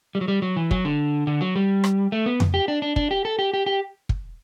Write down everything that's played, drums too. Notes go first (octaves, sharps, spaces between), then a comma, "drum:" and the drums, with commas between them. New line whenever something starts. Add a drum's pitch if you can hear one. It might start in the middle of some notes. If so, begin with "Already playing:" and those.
G3
F#3
G3
F#3
E3
F#3, drum: kick
D3
D3
F#3
G3
drum: rim click
A3
B3
drum: tom F2
G4
D4
D4
D4, drum: kick
G4
A4
G4
G4
G4
drum: kick